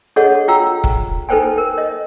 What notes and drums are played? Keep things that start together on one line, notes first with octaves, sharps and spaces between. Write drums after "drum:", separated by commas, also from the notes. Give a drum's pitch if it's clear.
D4 G#4 A4 C#5 D#5 F#5
F4 G5 A#5 E6
drum: kick
D#4 A4 B4 C5 G5 G#5
A#4
D#5